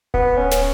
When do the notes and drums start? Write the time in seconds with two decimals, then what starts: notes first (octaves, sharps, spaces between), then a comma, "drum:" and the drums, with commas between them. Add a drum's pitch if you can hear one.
0.14 B3, drum: kick D1
0.38 C#4
0.52 drum: snare